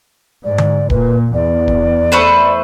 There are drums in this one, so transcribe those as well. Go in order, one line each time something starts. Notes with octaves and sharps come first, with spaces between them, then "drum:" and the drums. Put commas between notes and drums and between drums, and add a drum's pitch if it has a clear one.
G#2 D5
drum: tom D3
A#2 B4, drum: kick D1
E2 D5
drum: kick D1
A3 B4 C5